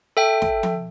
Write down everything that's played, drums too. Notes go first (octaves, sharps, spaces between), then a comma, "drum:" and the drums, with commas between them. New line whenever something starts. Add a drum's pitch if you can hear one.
A4 E5 G5
drum: snare
drum: tom F3